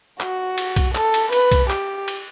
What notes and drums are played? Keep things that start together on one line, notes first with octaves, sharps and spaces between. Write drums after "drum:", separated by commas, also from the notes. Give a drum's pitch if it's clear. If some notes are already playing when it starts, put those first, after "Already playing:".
F#4, drum: clap
drum: cymbal
drum: kick B1, cymbal
A4, drum: clap
drum: cymbal
B4, drum: cymbal
drum: kick B1, cymbal
G4, drum: clap
drum: cymbal